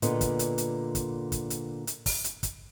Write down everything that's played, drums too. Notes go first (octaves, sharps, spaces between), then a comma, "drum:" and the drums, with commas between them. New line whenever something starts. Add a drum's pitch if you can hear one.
A#2 D3 B3 D#5, drum: hi-hat
drum: kick, hi-hat
drum: hi-hat
drum: hi-hat
drum: kick, hi-hat
drum: kick, hi-hat
drum: hi-hat
drum: hi-hat
drum: kick, open hi-hat
drum: hi-hat
drum: kick, hi-hat